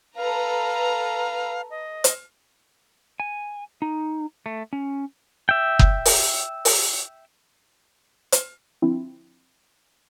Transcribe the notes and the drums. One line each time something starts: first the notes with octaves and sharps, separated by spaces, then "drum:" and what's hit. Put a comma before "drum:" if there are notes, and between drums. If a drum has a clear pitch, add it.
A4 B4 F5 A#5
D#5
drum: hi-hat
G#5
D#4
A3
C#4
E5 G5
drum: kick F#1
drum: open hi-hat
drum: open hi-hat
drum: hi-hat
D3 F3 C4 E4